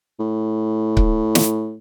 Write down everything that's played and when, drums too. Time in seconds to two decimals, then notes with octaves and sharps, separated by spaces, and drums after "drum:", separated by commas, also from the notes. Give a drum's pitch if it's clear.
0.20 A2
0.97 drum: kick C#1
1.35 drum: snare